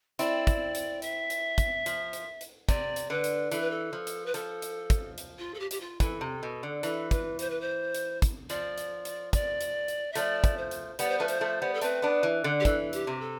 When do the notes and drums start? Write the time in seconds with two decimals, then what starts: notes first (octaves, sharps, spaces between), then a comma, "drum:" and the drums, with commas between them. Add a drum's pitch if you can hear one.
0.19 C4 E4 D5, drum: hi-hat
0.47 drum: kick, hi-hat
0.75 drum: hi-hat
1.02 E5, drum: hi-hat
1.30 drum: hi-hat
1.58 drum: kick, hi-hat
1.86 F3, drum: hi-hat
2.13 drum: hi-hat
2.41 drum: hi-hat
2.69 C3 D5, drum: kick, hi-hat
2.96 drum: hi-hat
3.10 D3 B4
3.24 drum: hi-hat
3.52 E3 A4, drum: hi-hat
3.61 B4
3.70 A4
3.93 F3
4.07 drum: hi-hat
4.26 B4
4.34 F3 A4, drum: hi-hat
4.62 drum: hi-hat
4.90 drum: kick, hi-hat
5.18 drum: hi-hat
5.38 F4
5.54 A4
5.59 G4
5.71 G4, drum: hi-hat
5.80 F4
6.00 E3 A4, drum: kick, hi-hat
6.21 C3
6.43 B2
6.63 D3
6.83 E3 A4, drum: hi-hat
7.11 B4, drum: kick, hi-hat
7.39 C5, drum: hi-hat
7.50 B4
7.60 C5
7.95 drum: hi-hat
8.22 drum: kick, hi-hat
8.50 F3 D5, drum: hi-hat
8.78 drum: hi-hat
9.05 drum: hi-hat
9.33 D5, drum: kick, hi-hat
9.61 drum: hi-hat
9.88 drum: hi-hat
10.12 E5
10.15 F3 A3 D5, drum: hi-hat
10.44 drum: kick, hi-hat
10.57 C5
10.71 drum: hi-hat
10.99 G3 B3 D5, drum: hi-hat
11.09 C5
11.18 F3 A3 B4
11.28 C5, drum: hi-hat
11.41 F3 A3
11.62 G3 B3
11.74 A4
11.81 A3 C4 B4, drum: hi-hat
12.02 B3 D4
12.23 E3
12.44 D3
12.60 G4
12.65 E3 A4, drum: kick, hi-hat
12.93 G4, drum: hi-hat
13.07 C3
13.20 A4